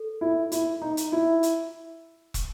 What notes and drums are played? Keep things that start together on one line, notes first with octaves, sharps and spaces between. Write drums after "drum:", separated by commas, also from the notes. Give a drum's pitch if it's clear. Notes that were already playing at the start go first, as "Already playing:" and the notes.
Already playing: A4
E4
E4, drum: hi-hat
D#4
drum: hi-hat
E4
drum: hi-hat
drum: kick, hi-hat